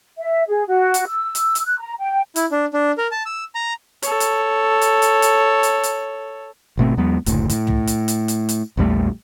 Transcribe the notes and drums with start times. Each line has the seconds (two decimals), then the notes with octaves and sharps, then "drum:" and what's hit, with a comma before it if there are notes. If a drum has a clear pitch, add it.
0.19 E5
0.49 G#4
0.67 F#4
0.94 drum: hi-hat
1.07 E6
1.35 drum: hi-hat
1.55 drum: hi-hat
1.66 F#6
1.80 A#5
2.00 G5
2.36 E4, drum: hi-hat
2.51 D4
2.74 D4
2.98 A#4
3.11 A5
3.26 E6
3.55 A#5
4.03 A4 C#5, drum: hi-hat
4.20 drum: hi-hat
4.81 drum: hi-hat
5.02 drum: hi-hat
5.22 drum: hi-hat
5.63 drum: hi-hat
5.83 drum: hi-hat
6.77 G#1 B2 A3 C4
6.97 E2 F#3 G#3 B3
7.26 F#1 D2 A2, drum: hi-hat
7.50 A2, drum: hi-hat
7.67 drum: tom
7.87 drum: hi-hat
8.08 drum: hi-hat
8.28 drum: hi-hat
8.49 drum: hi-hat
8.77 A#1 E2 G3 A3